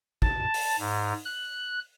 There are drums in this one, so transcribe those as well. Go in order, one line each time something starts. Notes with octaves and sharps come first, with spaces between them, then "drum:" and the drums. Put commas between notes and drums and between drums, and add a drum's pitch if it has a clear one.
A5, drum: kick
drum: open hi-hat
G#2
F#6